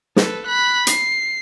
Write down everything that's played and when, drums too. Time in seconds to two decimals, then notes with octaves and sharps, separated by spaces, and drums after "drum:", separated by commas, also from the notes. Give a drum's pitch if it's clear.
0.16 A4 B4, drum: snare
0.46 B5 F#6
0.87 C7, drum: hi-hat